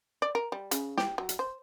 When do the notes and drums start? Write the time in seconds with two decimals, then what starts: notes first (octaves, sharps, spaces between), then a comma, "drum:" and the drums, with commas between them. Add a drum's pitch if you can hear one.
0.22 D5
0.35 A#4
0.52 G3
0.71 C#3, drum: hi-hat
0.98 G4, drum: snare
1.18 F#3
1.29 drum: hi-hat
1.39 C5